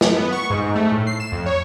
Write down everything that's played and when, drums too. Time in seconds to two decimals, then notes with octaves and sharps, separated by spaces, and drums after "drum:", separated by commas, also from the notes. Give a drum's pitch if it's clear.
0.01 drum: snare
0.17 B3
0.32 C#6
0.50 G#2
0.75 A3
0.92 A2
1.07 C7
1.20 E7
1.32 F2
1.46 C#5